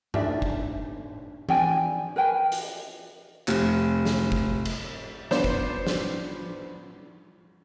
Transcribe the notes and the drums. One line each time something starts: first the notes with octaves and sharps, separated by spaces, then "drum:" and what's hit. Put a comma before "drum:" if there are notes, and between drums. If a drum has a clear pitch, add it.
D4 D#4 D5 E5, drum: tom G2
drum: kick
D5 G5 G#5, drum: tom E3
A#4 B4 G5 G#5
drum: hi-hat
F1, drum: clap
drum: snare
drum: kick
drum: cymbal
B3 D4 C5, drum: snare
drum: kick
drum: snare